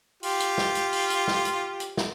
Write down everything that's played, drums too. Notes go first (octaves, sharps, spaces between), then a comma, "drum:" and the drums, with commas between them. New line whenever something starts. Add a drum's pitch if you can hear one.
F4 G4, drum: open hi-hat
drum: hi-hat
drum: snare
drum: hi-hat
drum: open hi-hat
drum: hi-hat
drum: snare
drum: hi-hat
drum: hi-hat
drum: snare